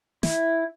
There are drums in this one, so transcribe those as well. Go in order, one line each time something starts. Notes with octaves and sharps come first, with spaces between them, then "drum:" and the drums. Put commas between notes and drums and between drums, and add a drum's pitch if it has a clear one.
E4, drum: snare